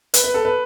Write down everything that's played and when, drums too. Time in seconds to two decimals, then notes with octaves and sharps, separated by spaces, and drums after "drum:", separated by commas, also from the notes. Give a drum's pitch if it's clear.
0.14 B4, drum: hi-hat
0.24 B4
0.34 A4
0.45 B4